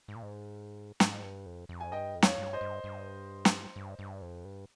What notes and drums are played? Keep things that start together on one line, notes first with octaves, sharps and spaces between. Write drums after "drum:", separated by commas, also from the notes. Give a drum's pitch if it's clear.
G#2
A#2
G#2
G#2, drum: snare
G2
F2
F2
G#5
G2 D#5 G5
F2
C#5 F5, drum: snare
G2
C#5
C5 D#5
G2
G2
drum: snare
G2
G2
F2
G2